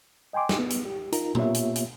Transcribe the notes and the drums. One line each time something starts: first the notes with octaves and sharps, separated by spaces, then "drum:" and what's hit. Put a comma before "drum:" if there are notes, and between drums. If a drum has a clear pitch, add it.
D#5 G5 G#5 C6 D6
drum: snare
B3
drum: hi-hat
G4
D#4 F4 A#4 A#5, drum: hi-hat
A#3 B3 F4 G4 C#5 E5, drum: tom A#2
drum: hi-hat
drum: hi-hat